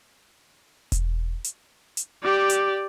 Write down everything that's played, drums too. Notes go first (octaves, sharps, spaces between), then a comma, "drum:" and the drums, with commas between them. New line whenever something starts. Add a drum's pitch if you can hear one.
drum: kick E1, hi-hat
drum: hi-hat
drum: hi-hat
G4 D5
drum: hi-hat